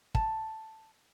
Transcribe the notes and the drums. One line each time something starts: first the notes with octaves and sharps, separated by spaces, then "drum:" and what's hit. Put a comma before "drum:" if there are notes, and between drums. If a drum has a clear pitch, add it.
A5, drum: kick